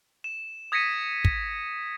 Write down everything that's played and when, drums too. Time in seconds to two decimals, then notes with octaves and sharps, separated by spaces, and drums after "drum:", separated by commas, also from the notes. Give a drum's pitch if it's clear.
0.24 E7
0.72 D#6 G#6 A#6 B6 C#7 D#7
1.25 drum: kick